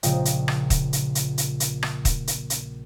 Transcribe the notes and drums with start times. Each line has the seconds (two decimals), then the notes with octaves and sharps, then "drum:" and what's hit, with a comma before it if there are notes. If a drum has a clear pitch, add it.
0.03 A#1 A#2 C#3 G#3 D#5 G5, drum: hi-hat
0.25 drum: hi-hat
0.48 drum: rim click
0.70 drum: kick, hi-hat
0.93 drum: hi-hat
1.15 drum: hi-hat
1.38 drum: hi-hat
1.60 drum: hi-hat
1.83 drum: rim click
2.05 drum: kick, hi-hat
2.27 drum: hi-hat
2.50 drum: hi-hat